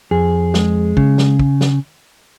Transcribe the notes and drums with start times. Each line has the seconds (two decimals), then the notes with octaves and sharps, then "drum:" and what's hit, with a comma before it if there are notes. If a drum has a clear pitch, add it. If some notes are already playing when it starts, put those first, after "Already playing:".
0.11 F2 G#4
0.54 G#3, drum: snare
0.97 C#3, drum: kick
1.18 drum: snare
1.39 drum: kick
1.61 drum: snare